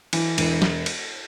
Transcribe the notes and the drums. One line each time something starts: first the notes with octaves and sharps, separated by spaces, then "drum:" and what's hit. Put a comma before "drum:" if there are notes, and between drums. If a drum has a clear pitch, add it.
E3, drum: cymbal
E1, drum: cymbal
drum: snare
drum: cymbal